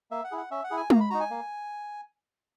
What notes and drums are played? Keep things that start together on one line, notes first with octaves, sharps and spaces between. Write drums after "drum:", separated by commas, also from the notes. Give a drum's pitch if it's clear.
A#3 E5
F#5
E4 G#4
F#5
C#4 E5
F#5
E4 G#4
G#5
A#3 A#5, drum: tom G#3
B5
D#4 F#4 A#5
G#5
A#3